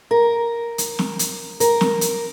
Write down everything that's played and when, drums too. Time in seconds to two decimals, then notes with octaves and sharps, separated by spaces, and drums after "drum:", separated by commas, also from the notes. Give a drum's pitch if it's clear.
0.11 A#4
0.78 drum: hi-hat
0.99 drum: snare
1.19 drum: hi-hat
1.60 A#4, drum: hi-hat
1.81 drum: snare
2.01 drum: hi-hat